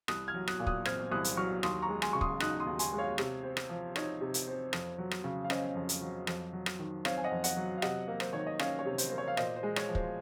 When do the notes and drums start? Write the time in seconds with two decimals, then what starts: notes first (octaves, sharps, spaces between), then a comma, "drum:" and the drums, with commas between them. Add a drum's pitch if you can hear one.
0.08 C2 D#6 F#6, drum: rim click
0.28 F6 G#6
0.34 F#3
0.48 D#6 F#6, drum: rim click
0.60 A#2
0.67 D#6 F#6, drum: kick
0.85 C4 F6 G#6, drum: rim click
1.12 C2 D#6 F#6
1.24 drum: hi-hat
1.37 F#3 C#6 F6
1.63 D#2 C6 D#6, drum: rim click
1.82 A#5 C#6
1.89 G#3
2.02 G#5 C6, drum: rim click
2.13 C#3 C#6
2.21 C6 D#6, drum: kick
2.40 D#4 D#6 F#6, drum: rim click
2.60 C6 D#6
2.66 D#2
2.79 G#5 C6, drum: hi-hat
2.93 G#3
2.98 C#5 F5
3.18 C3, drum: rim click
3.43 C4
3.57 drum: rim click
3.69 F3
3.96 D#4 C#5, drum: rim click
4.21 C3
4.34 drum: hi-hat
4.47 C4
4.73 F2, drum: rim click
4.98 F#3
5.11 drum: rim click
5.24 C#3
5.45 F5
5.50 C#4 C5 D#5, drum: rim click
5.75 F2
5.89 drum: hi-hat
6.02 F#3
6.27 F2, drum: rim click
6.53 F#3
6.66 drum: rim click
6.79 D#3
7.05 C4 C#5 F5, drum: rim click
7.18 G#5
7.24 D#5 F#5
7.31 F2
7.44 D#5 F#5, drum: hi-hat
7.57 F#3
7.78 F5
7.82 C3 D#5 F#5, drum: rim click
8.08 A#3
8.20 C5, drum: rim click
8.33 D#3 C#5
8.47 D#5
8.59 C#4 C#5 F5, drum: rim click
8.79 C#5
8.86 C3
8.98 C5, drum: hi-hat
9.10 A#3 C5
9.18 C#5
9.28 F5
9.37 A#2 C5 D#5, drum: rim click
9.56 C5
9.63 G#3
9.76 C#5, drum: rim click
9.89 F3
9.95 C5, drum: kick